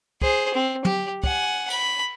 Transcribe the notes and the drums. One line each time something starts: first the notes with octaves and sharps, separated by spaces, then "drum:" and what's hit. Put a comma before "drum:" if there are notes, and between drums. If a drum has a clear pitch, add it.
G#4 C5, drum: kick
C4
G4, drum: tom
F#5 G#5, drum: kick
B5, drum: cymbal